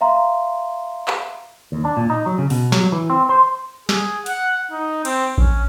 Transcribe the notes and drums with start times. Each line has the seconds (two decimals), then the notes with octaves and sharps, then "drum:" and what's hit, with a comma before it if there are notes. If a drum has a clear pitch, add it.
0.01 E5 F5 A#5 C6
1.08 drum: clap
1.72 D#2
1.85 D4
1.97 A#2
2.10 D#4
2.26 F#3
2.38 C#3
2.50 B2, drum: open hi-hat
2.72 F#3, drum: snare
2.92 E3
3.10 C4
3.29 C5
3.89 G#4, drum: snare
4.26 F#5, drum: hi-hat
4.72 D#4
5.05 C4, drum: cymbal
5.38 C#4, drum: kick A#1